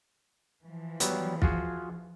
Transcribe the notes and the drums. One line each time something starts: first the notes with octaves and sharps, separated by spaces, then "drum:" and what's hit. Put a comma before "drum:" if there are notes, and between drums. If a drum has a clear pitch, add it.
E3 F3
F#3 G3 B3, drum: hi-hat
F4 F#4 G#4, drum: kick